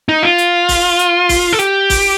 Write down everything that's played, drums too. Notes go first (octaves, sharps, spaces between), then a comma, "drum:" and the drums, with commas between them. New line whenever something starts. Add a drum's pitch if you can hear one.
D#4
F4
drum: hi-hat
drum: kick, open hi-hat
drum: hi-hat
drum: kick, open hi-hat
A4
G4, drum: hi-hat
drum: kick, open hi-hat